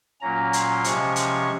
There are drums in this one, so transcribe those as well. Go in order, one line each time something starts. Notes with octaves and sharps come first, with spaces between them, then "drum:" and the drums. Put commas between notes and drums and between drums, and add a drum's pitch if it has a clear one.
A#2 F#3 A#3 C#4 A#5
C6, drum: hi-hat
C3 F3 G#3 C#4 C#6, drum: hi-hat
C#6, drum: hi-hat